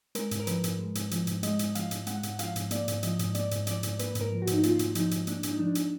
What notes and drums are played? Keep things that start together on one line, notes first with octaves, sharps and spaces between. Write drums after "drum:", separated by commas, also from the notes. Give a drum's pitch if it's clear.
G#3 A#4, drum: hi-hat
G#2, drum: hi-hat
A#4
F3 B4, drum: hi-hat
G#2, drum: hi-hat
G#3
G#2, drum: hi-hat
F3, drum: hi-hat
G#2, drum: hi-hat
G#3 D#5, drum: hi-hat
G#2, drum: hi-hat
F3 F5, drum: hi-hat
G#2, drum: hi-hat
G#3 F#5, drum: hi-hat
G#2, drum: hi-hat
F3 F5, drum: hi-hat
G#2, drum: hi-hat
A#3 D5, drum: hi-hat
G#2, drum: hi-hat
F3 D#5, drum: hi-hat
G#2, drum: hi-hat
A#3 D5, drum: hi-hat
G#2, drum: hi-hat
F3 D5, drum: hi-hat
G#2, drum: hi-hat
A#3 B4, drum: hi-hat
G#2, drum: hi-hat
A#4
F3
F#4
G#2, drum: hi-hat
D#4
A#3 F4, drum: hi-hat
G#2, drum: hi-hat
F3 D#4, drum: hi-hat
G#2, drum: hi-hat
A#3 D4, drum: hi-hat
G#2, drum: hi-hat
D#4
F3 D4
drum: hi-hat